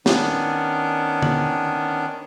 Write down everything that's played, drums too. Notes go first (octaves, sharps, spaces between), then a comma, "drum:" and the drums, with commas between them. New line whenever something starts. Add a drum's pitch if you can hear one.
D#3 B3 C#4 D4, drum: snare
drum: tom D3